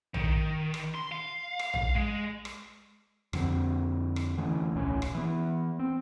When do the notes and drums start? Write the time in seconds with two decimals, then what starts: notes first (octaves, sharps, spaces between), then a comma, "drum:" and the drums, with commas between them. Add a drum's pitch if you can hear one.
0.14 D#3, drum: tom A#1
0.74 drum: rim click
0.95 C6
1.12 F5
1.59 drum: rim click
1.74 drum: tom A#1
1.95 G#3
2.45 drum: rim click
3.33 F2 D3 C4, drum: rim click
4.16 drum: rim click
4.37 D3 E3 A3 C#4
4.73 D1 B1 A2 C#4
5.02 drum: rim click
5.15 E3 B3
5.79 C4